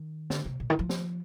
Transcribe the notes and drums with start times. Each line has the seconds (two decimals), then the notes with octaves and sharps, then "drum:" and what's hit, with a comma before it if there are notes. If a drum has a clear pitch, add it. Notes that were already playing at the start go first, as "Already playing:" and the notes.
Already playing: D#3
0.30 D3, drum: snare
0.46 C3
0.60 A#2
0.70 D#3
0.79 F3
0.89 drum: snare